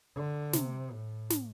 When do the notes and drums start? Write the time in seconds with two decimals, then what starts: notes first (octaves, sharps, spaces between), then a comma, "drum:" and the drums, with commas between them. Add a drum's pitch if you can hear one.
0.15 D3
0.53 C3, drum: snare
0.92 A2
1.30 drum: snare